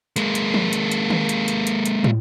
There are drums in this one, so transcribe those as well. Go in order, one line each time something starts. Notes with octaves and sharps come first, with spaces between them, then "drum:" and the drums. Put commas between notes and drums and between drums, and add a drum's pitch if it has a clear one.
G#3 A#3, drum: hi-hat
drum: hi-hat
drum: tom F3
drum: hi-hat
drum: hi-hat
drum: tom D#3
drum: hi-hat
drum: hi-hat
drum: hi-hat
drum: hi-hat
drum: tom